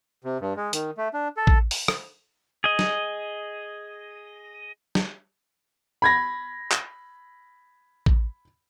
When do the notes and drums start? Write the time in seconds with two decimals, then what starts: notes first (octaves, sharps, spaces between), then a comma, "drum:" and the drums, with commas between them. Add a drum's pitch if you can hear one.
0.24 C3
0.41 G2
0.56 G#3
0.73 D#3, drum: hi-hat
0.97 A3
1.14 D4
1.37 A4
1.47 drum: kick A1
1.71 drum: open hi-hat
1.88 drum: rim click
2.64 G#4 D#5
2.79 drum: snare
4.95 drum: snare
6.02 B5 G#6 A#6
6.71 drum: clap
8.06 drum: kick A1